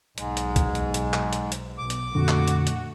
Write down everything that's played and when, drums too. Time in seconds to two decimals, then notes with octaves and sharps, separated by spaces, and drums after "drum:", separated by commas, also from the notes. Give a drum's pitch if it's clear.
0.18 B1 G#2 G#3, drum: hi-hat
0.37 drum: hi-hat
0.56 drum: kick B1, hi-hat
0.75 drum: hi-hat
0.94 drum: hi-hat
1.13 drum: clap
1.33 drum: hi-hat
1.52 drum: hi-hat
1.78 B1 D6
1.90 drum: hi-hat
2.15 F2 A#2 D3 A3 F#4
2.28 drum: clap
2.48 drum: hi-hat
2.67 drum: hi-hat